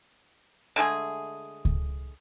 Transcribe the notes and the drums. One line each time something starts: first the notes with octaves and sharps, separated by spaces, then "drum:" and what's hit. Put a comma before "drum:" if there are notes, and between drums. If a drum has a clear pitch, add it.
D3 G#3 A3 G#4
drum: kick C#2